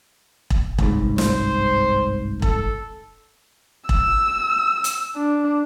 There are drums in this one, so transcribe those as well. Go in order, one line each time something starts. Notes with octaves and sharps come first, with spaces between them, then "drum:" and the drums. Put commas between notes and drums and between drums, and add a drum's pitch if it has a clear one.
drum: kick E1
G1 C2 G#2, drum: kick E1
C5, drum: snare
A4, drum: kick E1
E6, drum: kick E1
drum: hi-hat
D4